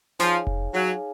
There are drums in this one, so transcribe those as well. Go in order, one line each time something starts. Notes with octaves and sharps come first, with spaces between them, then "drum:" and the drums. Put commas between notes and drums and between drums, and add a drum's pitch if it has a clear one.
F3 D#4 G#4 C#5 F5 G#5, drum: snare
drum: kick F1
F#3 D#4 G#4 C#5 F5 G#5